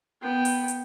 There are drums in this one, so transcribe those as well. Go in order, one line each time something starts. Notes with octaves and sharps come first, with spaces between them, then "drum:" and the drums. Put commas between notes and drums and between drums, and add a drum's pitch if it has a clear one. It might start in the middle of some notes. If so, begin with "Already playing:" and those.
B3 G5
drum: open hi-hat
drum: hi-hat